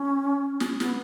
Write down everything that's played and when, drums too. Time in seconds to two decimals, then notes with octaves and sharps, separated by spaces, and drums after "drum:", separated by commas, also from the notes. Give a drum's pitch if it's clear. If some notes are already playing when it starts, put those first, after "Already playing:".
Already playing: C#4
0.60 drum: snare
0.80 B3, drum: snare